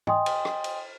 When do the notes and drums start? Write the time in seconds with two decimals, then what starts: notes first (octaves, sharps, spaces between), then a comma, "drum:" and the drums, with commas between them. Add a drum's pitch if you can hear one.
0.07 D#5 G5 G#5 C6 D#6, drum: tom
0.26 drum: cymbal
0.45 drum: rim click
0.64 drum: cymbal